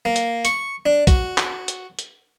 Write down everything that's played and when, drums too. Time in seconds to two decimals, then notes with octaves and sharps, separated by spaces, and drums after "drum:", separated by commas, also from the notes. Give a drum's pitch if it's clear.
0.05 A#3
0.16 drum: hi-hat
0.45 C#6, drum: hi-hat
0.86 D4
1.07 F#4, drum: kick, hi-hat
1.38 drum: clap
1.68 drum: hi-hat
1.99 drum: hi-hat